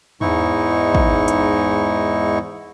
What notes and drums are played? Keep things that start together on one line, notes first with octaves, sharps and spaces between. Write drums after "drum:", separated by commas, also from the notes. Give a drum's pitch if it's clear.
E2 G#2 G#3 D#4 E4 C#6, drum: tom E2
drum: kick
drum: hi-hat